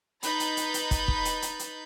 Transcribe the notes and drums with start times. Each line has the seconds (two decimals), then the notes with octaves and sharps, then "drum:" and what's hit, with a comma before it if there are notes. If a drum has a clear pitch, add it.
0.23 D#4 B4 B5 G6 A6, drum: hi-hat
0.40 drum: hi-hat
0.57 drum: hi-hat
0.74 drum: hi-hat
0.91 drum: kick, hi-hat
1.08 drum: kick
1.25 drum: hi-hat
1.42 drum: hi-hat
1.59 drum: hi-hat